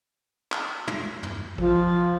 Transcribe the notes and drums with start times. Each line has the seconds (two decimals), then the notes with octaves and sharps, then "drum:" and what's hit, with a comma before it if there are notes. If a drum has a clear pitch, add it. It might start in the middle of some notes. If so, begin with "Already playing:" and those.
0.52 drum: clap
0.87 drum: tom
1.23 drum: tom
1.58 F3, drum: kick